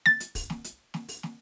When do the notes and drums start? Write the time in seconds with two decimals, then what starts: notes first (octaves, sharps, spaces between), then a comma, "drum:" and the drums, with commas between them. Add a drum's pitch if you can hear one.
0.06 A6, drum: snare
0.20 drum: hi-hat
0.35 drum: kick, open hi-hat
0.50 drum: snare
0.64 drum: hi-hat
0.94 drum: snare
1.09 drum: open hi-hat
1.23 drum: snare